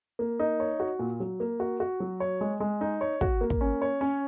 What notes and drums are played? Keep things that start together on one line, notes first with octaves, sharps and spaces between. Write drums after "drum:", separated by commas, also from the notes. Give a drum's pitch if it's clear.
A#3
D#4
C#5
F#4
A#2
F#3
A#3
F#4
F#4
F#3
C#5
G#3
G#3
D#4
C#5
F#4, drum: kick
A#3
drum: kick
C#4
C#5
C#4